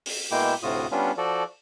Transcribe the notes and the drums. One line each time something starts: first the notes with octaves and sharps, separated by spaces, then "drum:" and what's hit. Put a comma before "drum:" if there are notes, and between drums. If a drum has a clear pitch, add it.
drum: open hi-hat
B2 G#3 A#3 E4 G5 D6
D2 A2 C3 F4 F#4 D#6
G3 B3 C#4 D4 F4
F3 F#4 A4 D5